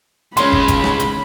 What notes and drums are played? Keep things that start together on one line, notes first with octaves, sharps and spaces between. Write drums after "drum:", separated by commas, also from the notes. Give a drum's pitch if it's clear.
C#2 G#3 C#4 B5 C6, drum: hi-hat
drum: kick
drum: kick, hi-hat
drum: rim click
drum: hi-hat